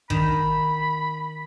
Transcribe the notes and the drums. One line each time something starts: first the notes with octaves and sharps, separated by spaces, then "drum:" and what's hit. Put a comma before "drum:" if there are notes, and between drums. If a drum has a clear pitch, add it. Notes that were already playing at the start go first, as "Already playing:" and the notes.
D#3 B5, drum: kick